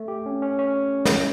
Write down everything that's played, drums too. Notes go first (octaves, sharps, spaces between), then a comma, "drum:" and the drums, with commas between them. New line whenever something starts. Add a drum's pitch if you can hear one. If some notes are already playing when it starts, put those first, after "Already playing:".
Already playing: A3
G4
C#4
C#4
C#4
drum: snare